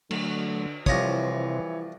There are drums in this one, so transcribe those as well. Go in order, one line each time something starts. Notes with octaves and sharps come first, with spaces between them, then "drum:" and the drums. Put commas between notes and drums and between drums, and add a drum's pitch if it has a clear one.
D3 F#3 A3, drum: cymbal
C2 C3 E3 F3 C5 C#5 D#6 A#6, drum: kick